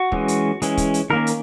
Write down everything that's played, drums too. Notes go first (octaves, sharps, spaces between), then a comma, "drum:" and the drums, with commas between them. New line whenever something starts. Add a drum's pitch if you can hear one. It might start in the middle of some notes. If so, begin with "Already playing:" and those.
Already playing: F#4
E3 G#3 C#4, drum: kick
drum: hi-hat
E3 G#3 C#4, drum: hi-hat
drum: kick, hi-hat
drum: hi-hat
D#3 A#3 C#4 A#4
drum: hi-hat